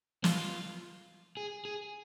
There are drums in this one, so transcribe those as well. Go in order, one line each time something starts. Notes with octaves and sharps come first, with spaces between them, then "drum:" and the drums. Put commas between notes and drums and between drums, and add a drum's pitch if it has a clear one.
F4, drum: snare
G#4
G#4